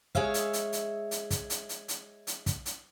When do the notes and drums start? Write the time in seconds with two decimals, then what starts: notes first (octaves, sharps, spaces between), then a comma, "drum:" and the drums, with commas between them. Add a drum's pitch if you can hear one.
0.15 G#3 G#4 C#5 E5 F5, drum: kick
0.34 drum: hi-hat
0.53 drum: hi-hat
0.73 drum: hi-hat
1.11 drum: hi-hat
1.30 drum: kick, hi-hat
1.50 drum: hi-hat
1.69 drum: hi-hat
1.88 drum: hi-hat
2.27 drum: hi-hat
2.46 drum: kick, hi-hat
2.66 drum: hi-hat